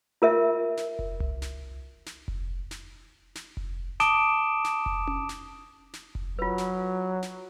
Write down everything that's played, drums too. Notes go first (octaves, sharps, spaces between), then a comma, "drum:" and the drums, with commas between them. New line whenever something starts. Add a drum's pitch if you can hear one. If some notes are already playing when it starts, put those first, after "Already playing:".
F4 A#4 E5
drum: snare
drum: kick F1
drum: tom C2
drum: snare
drum: snare
drum: kick F1
drum: snare
drum: snare
drum: kick F1
A5 D6 D#6 D7 E7 G7, drum: snare
drum: snare
drum: kick F1
drum: tom C#4
drum: snare
drum: snare
drum: kick F1
F#3 F4 B4
drum: snare
drum: snare